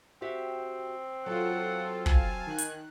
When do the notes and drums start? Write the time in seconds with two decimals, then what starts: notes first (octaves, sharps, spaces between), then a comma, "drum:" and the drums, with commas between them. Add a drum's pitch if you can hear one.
0.22 C4 F#4 G4 E5
1.26 F#3 F4 A4 F#5
2.06 F5 G#5 A5, drum: kick
2.46 D#3 F#6
2.58 drum: hi-hat